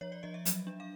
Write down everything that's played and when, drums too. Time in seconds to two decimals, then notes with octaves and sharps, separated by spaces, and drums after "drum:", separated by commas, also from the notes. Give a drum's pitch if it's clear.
0.01 F3 C#5
0.12 D5
0.23 F3 D#5
0.34 E5
0.45 F#3, drum: hi-hat
0.67 D4
0.80 F5